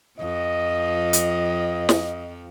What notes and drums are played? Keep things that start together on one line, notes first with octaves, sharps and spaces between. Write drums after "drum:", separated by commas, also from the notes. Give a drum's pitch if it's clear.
F2 F3 D#5
drum: hi-hat
drum: snare